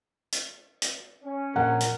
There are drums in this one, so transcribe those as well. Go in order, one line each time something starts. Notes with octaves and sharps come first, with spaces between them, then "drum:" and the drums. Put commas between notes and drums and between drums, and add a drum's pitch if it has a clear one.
drum: hi-hat
drum: hi-hat
C#4
A#2 F3 A#4 F#5
drum: hi-hat